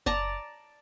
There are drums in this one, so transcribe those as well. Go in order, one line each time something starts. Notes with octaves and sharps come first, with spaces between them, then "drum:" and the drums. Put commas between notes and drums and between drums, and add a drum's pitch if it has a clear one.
D5 A5 A#5, drum: kick F#1